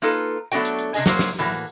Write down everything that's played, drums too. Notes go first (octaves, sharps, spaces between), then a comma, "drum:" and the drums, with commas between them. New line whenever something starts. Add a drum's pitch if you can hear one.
A#3 D#4 F4 A4 B4
F#3 A3 B3 D4 F#4 G5, drum: hi-hat
drum: hi-hat
drum: hi-hat
C3 D4 G#4 D#5 G#5, drum: open hi-hat
F#3 A#3 C5, drum: snare
drum: snare
A2 E3 A#3 F#4